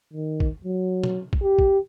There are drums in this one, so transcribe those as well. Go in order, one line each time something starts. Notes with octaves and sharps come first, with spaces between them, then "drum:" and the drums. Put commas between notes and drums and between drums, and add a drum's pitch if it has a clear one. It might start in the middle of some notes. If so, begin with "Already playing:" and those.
D#3
drum: kick
F#3
drum: tom B2
drum: kick
G4
drum: kick